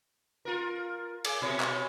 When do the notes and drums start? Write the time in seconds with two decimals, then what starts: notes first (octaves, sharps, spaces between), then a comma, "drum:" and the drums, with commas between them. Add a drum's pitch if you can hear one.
0.45 F4 A#4
1.25 G#4 G#5 D6, drum: cymbal
1.41 B2 F#3 E4 C#5
1.60 drum: clap